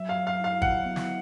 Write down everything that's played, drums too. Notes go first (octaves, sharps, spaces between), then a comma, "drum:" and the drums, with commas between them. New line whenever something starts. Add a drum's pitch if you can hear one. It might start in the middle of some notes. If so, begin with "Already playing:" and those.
Already playing: F#3 E5
F5
F#3
F5
E4
F5
E4 F#5, drum: kick G#1
B3
drum: snare